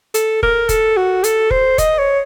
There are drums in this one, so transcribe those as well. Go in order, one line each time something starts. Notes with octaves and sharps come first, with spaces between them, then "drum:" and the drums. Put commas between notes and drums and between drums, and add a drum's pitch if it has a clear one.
A4, drum: hi-hat
A#4, drum: kick
A4, drum: kick, hi-hat
F#4
A4, drum: hi-hat
C5, drum: kick
D#5, drum: kick, hi-hat
C#5